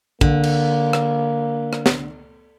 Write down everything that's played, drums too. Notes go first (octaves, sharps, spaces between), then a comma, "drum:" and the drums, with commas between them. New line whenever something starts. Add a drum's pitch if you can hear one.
D3 A#3, drum: kick
drum: cymbal
drum: rim click
drum: rim click
drum: snare